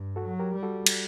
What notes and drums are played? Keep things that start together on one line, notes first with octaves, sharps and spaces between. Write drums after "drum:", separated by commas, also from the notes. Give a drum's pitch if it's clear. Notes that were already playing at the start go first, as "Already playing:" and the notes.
Already playing: G2
F#4 A4
F#3
G4 A#4
G3
F#4 A4
drum: cymbal